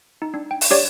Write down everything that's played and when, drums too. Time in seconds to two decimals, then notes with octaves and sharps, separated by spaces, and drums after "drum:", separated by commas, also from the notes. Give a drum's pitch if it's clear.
0.22 D#4
0.34 D4
0.51 G5
0.61 drum: open hi-hat
0.70 D4 G4 C#5 D5